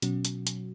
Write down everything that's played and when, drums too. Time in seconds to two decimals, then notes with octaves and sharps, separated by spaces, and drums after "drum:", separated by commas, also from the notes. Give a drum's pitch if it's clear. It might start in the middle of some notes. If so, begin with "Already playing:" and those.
0.02 B2 F#3 C#4 F#4, drum: hi-hat
0.25 drum: hi-hat
0.47 drum: hi-hat